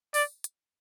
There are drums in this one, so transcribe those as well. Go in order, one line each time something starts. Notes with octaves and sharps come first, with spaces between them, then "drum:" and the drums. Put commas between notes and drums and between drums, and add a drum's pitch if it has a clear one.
D5, drum: open hi-hat
drum: hi-hat